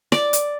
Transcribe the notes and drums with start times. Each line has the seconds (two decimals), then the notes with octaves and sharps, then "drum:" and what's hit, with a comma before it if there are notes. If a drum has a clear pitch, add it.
0.12 D5, drum: snare
0.33 drum: hi-hat